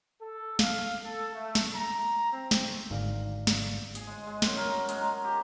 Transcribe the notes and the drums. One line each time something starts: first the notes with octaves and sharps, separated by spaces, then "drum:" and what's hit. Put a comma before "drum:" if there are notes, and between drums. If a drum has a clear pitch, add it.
A4
F5, drum: snare
A4
A3
drum: snare
A#5
C4
drum: snare
G#1 G#2 D3 D5 F5
drum: snare
G#4, drum: hi-hat
G#3
G#3
F#2, drum: snare
A#4
G#3, drum: hi-hat
A#5
G4